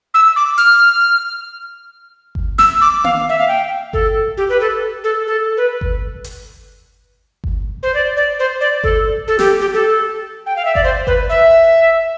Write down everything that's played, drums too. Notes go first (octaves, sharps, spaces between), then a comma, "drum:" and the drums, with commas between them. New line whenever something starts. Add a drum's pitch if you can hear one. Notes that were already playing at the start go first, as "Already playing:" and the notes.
E6
D6
F6, drum: hi-hat
drum: kick G1
E6, drum: snare
D6
F5, drum: tom A#3
E5
F5
G5
A4, drum: kick G1
G4
B4
A4
A4
A4
B4
drum: kick G1
drum: hi-hat
drum: kick G1
C5
D5
D5
C5
D5
A4, drum: kick G1
A4
G4, drum: snare
G4
A4
G5
F5
E5
D5, drum: kick G1
C5
B4, drum: kick G1
E5